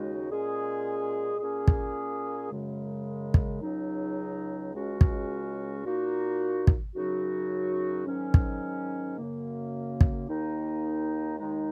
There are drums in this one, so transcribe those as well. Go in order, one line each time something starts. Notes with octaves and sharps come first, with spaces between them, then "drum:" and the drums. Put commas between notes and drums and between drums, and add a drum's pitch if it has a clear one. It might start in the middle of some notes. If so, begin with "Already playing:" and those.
Already playing: D#2 C#3 G#3 D#4 F#4
A#2 G#3 C#4 G#4
A#2 A#3 C#4 G#4
drum: kick
F#2 C#3 G#3
drum: kick
C#2 C#3 F#3 D#4
C#2 C#3 G#3 C#4 F#4
drum: kick
A#2 A#3 D#4 F#4
drum: kick
F#2 C#3 F#3 D#4 F#4
G#2 D#3 F#3 C#4
drum: kick
F#2 C#3 A#3
drum: kick
D#2 D#3 A#3 D#4
D#2 D#3 G#3 D#4